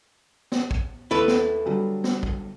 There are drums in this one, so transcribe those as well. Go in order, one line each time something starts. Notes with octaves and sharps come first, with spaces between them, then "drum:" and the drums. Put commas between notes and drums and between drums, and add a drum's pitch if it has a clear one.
drum: snare
drum: kick
D#2 E4 A4 B4
drum: snare
D3 F#3 G3
drum: snare
drum: kick